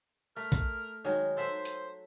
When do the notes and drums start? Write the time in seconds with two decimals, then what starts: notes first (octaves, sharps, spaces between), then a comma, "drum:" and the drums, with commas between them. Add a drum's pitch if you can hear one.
0.36 A3 A#4
0.52 drum: kick A#1, hi-hat
1.04 D#3 F#3 G#3
1.37 A4 C5 E5 F#5
1.55 C5
1.65 drum: hi-hat